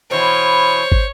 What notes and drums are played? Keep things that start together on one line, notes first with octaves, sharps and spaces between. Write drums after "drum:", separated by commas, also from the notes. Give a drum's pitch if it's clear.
B2 E3 C5 C#5
drum: kick